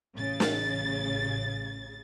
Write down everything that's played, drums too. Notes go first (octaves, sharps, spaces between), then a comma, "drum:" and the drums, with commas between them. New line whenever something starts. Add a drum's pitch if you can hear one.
A1 C#3 A6
drum: snare